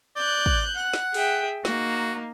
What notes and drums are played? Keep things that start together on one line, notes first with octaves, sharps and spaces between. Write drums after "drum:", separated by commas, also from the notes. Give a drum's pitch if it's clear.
D5 F#6 G6
drum: kick
F#5 F#6
drum: snare
G#4 E5 G5, drum: open hi-hat
A#3 D#4 F#4, drum: snare